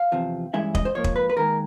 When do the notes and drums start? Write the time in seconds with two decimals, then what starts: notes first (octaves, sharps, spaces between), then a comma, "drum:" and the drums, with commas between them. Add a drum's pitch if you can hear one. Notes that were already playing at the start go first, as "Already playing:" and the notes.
Already playing: F5
0.12 E2 C3 F3
0.53 G2 E3 G#3 C#4 E4 E5
0.75 D#5, drum: kick
0.85 C5
0.95 G#2 F3 A#3 C#5
1.04 drum: kick
1.16 B4
1.30 B4
1.36 D#2 D#3 G#3 A#4